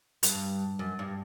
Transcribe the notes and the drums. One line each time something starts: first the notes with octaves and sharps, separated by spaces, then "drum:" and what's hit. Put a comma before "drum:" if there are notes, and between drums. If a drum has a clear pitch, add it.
G2, drum: hi-hat
F#2
G2